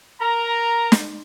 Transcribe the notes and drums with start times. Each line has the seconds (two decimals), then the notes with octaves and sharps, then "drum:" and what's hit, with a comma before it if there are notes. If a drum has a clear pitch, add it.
0.20 A#4 A#5
0.92 drum: snare